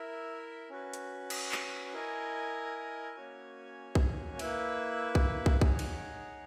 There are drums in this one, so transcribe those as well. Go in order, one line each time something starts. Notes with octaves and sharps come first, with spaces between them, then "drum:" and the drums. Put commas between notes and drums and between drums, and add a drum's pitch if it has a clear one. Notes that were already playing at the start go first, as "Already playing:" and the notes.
Already playing: E4 A#4 E5
C#4 F#4 B4
drum: hi-hat
drum: cymbal
drum: clap
E4 A#4 D#5 G#5
A#3 C#4 F#4 C#5 G#5
drum: kick
A#3 E4 B4 E5, drum: cymbal
drum: kick
drum: kick
D#4 G#4 C#5 F#5, drum: kick
drum: cymbal